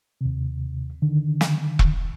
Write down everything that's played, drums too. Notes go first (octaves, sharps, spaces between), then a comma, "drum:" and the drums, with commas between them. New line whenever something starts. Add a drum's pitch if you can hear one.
D#2 C3
D3 D#3
drum: snare
drum: kick E1